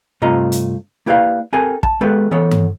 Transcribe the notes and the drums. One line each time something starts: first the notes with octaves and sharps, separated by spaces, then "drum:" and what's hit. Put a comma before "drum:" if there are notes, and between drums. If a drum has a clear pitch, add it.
G2 C3 A3 F4 D#5 A#5
drum: hi-hat
A#3 E4 G4 B4 D5 F5
C4 G4 A4 A#4 G#5
A5, drum: kick
G#3 B3 G4 A4 B4
E3 B3 A4 C#5
drum: tom G2